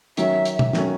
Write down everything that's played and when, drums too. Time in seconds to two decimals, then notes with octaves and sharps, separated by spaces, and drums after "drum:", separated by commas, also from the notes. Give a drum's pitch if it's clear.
0.17 D#3 F#3 C#4 E5, drum: hi-hat
0.45 drum: hi-hat
0.59 drum: tom B2
0.73 D#3 F#3 C#4, drum: snare